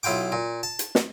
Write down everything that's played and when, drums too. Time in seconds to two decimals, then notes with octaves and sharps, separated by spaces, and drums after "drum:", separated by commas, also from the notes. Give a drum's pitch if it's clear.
0.03 B1 E4 F4 G5 D6
0.32 A#2
0.63 A5
0.79 drum: hi-hat
0.95 drum: snare